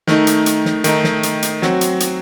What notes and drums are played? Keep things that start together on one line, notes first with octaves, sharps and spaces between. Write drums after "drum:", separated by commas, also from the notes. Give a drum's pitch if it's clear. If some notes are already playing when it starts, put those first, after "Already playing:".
D#3 A3 D#4, drum: snare
drum: hi-hat
drum: hi-hat
drum: snare
D#3 A3 D#4, drum: hi-hat
drum: snare
drum: hi-hat
drum: hi-hat
F#3 C4 F#4, drum: snare
drum: hi-hat
drum: hi-hat